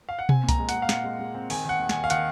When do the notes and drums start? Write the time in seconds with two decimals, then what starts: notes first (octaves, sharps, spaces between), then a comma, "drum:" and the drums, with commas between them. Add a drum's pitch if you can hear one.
0.09 F5
0.19 F#5
0.29 C4 G#5, drum: tom B2
0.44 A#2
0.49 A#5, drum: kick C2, hi-hat
0.59 G#3
0.69 F#5, drum: hi-hat
0.74 G#3
0.82 F5
0.89 A#2 F#5, drum: snare
1.04 G#3
1.19 G#3
1.35 C4
1.50 D#3 G#5, drum: open hi-hat
1.65 D#3 F#5
1.79 D#2
1.89 G#5, drum: snare
1.94 D#2
2.04 F5
2.10 D#3 F#5, drum: hi-hat